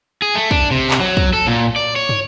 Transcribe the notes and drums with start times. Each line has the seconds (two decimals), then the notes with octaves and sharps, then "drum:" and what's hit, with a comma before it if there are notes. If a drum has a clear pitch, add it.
0.22 G#4
0.35 A3
0.51 D4, drum: kick
0.71 C3
0.90 drum: clap
1.00 F#3
1.17 drum: kick
1.33 A4
1.47 A#2
1.76 D5
1.96 C#5
2.09 drum: tom